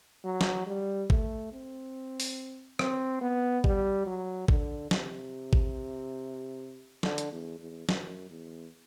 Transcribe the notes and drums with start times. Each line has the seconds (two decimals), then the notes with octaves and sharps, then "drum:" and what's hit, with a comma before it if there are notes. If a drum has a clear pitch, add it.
0.24 F#3
0.41 drum: snare
0.67 G3
1.10 A3, drum: kick G#1
1.52 C4
2.20 drum: open hi-hat
2.79 C4, drum: rim click
3.21 B3
3.64 G3, drum: kick G#1
4.06 F#3
4.48 D3, drum: kick G#1
4.91 C3, drum: snare
5.53 drum: kick G#1
7.03 D3, drum: snare
7.18 drum: hi-hat
7.31 E2
7.59 E2
7.89 F#2, drum: snare
8.30 E2